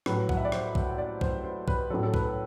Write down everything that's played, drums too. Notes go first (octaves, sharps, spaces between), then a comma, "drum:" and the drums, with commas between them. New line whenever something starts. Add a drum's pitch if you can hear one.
A2 F#3 B4, drum: rim click
F#5, drum: kick B1
E5
D5
C5, drum: rim click
drum: kick B1
D5
C5, drum: kick B1
C5
B4, drum: kick B1
A2 F#3 A4
A4
B4, drum: kick B1